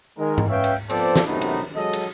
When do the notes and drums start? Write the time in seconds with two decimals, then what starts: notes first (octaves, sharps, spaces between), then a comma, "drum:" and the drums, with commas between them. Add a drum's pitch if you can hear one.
0.18 D#3 G#3 A#4
0.38 drum: tom G#2
0.49 C#4 B4 C#5 E5 F5 G5
0.64 drum: cymbal
0.90 F3 B3 C4 A4 C5 D5, drum: cymbal
1.16 drum: snare
1.26 F#2 C3 A3 B3 D#4
1.41 drum: cymbal
1.76 F#3 G#3 A4 D#5
1.93 drum: cymbal